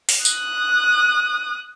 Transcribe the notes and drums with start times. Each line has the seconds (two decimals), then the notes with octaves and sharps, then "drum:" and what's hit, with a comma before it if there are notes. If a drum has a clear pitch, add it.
0.09 drum: open hi-hat
0.25 D#6 F#6, drum: tambourine